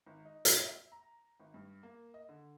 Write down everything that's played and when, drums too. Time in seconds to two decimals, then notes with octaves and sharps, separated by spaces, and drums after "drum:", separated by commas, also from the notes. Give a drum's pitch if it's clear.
0.06 G#1
0.25 D#4
0.45 drum: hi-hat
0.65 E5
0.92 A#5
1.40 G#1
1.54 G2
1.83 A#3
2.14 D#5
2.29 D3